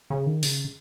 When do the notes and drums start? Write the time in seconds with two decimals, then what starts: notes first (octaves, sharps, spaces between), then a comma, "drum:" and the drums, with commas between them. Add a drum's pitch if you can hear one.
0.10 C#3
0.26 D#3
0.43 C#3, drum: open hi-hat